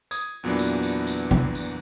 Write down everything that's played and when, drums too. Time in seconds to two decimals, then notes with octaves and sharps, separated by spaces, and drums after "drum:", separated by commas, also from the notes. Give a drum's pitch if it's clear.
0.11 D#6 G#6, drum: tambourine
0.43 E2 A#2 E3 F#3 B3 D4
0.59 drum: tambourine
0.83 drum: tambourine
1.07 drum: tambourine
1.31 drum: kick
1.55 drum: tambourine